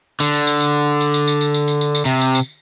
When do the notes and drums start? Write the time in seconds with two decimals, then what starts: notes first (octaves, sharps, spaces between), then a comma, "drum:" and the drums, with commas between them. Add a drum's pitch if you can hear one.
0.20 D3, drum: tambourine
0.34 drum: tambourine
0.47 drum: tambourine
0.60 drum: tambourine
1.01 drum: tambourine
1.14 drum: tambourine
1.28 drum: tambourine
1.41 drum: tambourine
1.54 drum: tambourine
1.68 drum: tambourine
1.81 drum: tambourine
1.95 drum: tambourine
2.05 C3, drum: tambourine
2.21 drum: tambourine
2.35 drum: tambourine